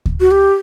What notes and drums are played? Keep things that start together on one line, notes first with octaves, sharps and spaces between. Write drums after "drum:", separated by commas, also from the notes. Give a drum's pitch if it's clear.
drum: kick D2
F#4
G4